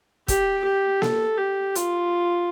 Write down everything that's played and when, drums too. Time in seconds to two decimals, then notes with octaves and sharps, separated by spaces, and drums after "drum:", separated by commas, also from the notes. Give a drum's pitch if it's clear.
0.28 G4, drum: kick, hi-hat
0.64 G4
1.02 A4, drum: snare A#3
1.38 G4
1.75 F4, drum: hi-hat